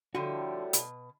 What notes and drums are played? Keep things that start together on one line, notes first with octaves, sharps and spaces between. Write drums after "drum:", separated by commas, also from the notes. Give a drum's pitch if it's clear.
A2 D3 F3 G3 F#4
B2, drum: hi-hat